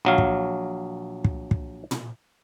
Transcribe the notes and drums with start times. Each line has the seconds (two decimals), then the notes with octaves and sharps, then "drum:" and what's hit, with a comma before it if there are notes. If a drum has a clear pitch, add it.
0.05 A#1 F#3 F5
0.18 drum: kick
1.24 drum: kick
1.51 drum: kick
1.91 drum: tom